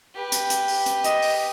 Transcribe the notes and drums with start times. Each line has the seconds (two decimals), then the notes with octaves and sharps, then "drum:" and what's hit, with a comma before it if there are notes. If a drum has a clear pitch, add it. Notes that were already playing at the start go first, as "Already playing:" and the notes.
0.15 G4 B4
0.32 drum: hi-hat
0.50 drum: hi-hat
0.68 drum: open hi-hat
0.86 drum: hi-hat
1.04 D#5, drum: hi-hat
1.22 drum: open hi-hat